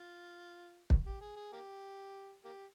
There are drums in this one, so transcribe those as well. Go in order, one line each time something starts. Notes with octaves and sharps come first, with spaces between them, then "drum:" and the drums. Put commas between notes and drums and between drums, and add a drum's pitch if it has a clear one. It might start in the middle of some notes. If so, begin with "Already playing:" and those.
Already playing: F4
drum: kick
G4
G#4
G#4
A#3 G4
A#3 G4